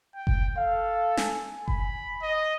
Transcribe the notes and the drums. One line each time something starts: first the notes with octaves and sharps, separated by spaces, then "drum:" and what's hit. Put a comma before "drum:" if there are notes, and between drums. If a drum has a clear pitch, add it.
G5
drum: kick F#1
A4 F5
G#5, drum: snare
B5, drum: kick F#1
D#5